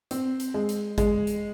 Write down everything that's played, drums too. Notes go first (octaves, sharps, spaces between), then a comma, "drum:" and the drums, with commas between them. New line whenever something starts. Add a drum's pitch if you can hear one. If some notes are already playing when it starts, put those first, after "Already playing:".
C4, drum: hi-hat
drum: hi-hat
G#3
drum: hi-hat
G#3, drum: kick G#1, hi-hat
drum: hi-hat